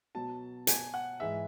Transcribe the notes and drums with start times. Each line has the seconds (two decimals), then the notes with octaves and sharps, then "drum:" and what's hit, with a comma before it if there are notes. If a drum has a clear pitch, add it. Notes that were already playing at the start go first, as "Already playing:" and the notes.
0.15 B2 F#3 A5
0.67 G#5, drum: hi-hat
0.94 F#5
1.20 G#2 E3 G#3 E5